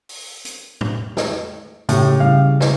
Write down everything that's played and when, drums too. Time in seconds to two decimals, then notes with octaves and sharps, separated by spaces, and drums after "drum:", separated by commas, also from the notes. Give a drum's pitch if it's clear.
0.09 drum: open hi-hat
0.45 drum: hi-hat
0.81 drum: tom
1.17 drum: snare
1.89 A2 C#3 G4, drum: hi-hat
2.20 C#3 G3 E4 F5
2.61 drum: snare